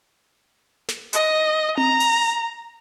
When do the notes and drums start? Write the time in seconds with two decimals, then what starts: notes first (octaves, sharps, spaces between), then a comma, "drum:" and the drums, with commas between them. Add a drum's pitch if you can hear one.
0.89 drum: snare
1.13 D#5, drum: hi-hat
1.77 A#5, drum: tom C4
2.00 drum: open hi-hat